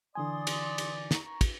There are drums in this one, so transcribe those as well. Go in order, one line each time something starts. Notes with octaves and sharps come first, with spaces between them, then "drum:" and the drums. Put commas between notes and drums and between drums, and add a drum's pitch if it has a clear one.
D3 E3 D5 G#5 C6 D#6
drum: cymbal
drum: cymbal
A#5 C#6, drum: snare
drum: kick, cymbal